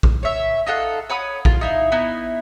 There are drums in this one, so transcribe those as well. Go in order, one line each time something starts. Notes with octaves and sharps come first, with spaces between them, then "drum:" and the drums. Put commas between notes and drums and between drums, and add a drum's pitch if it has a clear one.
drum: kick A#1
C#5 E5
D#4 F4 A4 F#5
C#5 F#5 B5 D#6
F4, drum: kick A#1
D#4 E4 F5
B3 D#4 E4